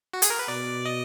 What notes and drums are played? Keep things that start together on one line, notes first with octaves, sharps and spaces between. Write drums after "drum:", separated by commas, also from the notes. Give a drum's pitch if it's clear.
F#4
G#4, drum: hi-hat
A#4
B4
B2 D5
D#5